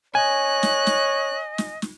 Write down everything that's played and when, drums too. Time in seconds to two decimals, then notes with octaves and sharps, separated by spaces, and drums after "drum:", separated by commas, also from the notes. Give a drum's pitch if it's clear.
0.15 C#5 D#5 G#5 F#6
0.63 drum: snare
0.87 drum: snare
1.58 drum: snare
1.82 drum: snare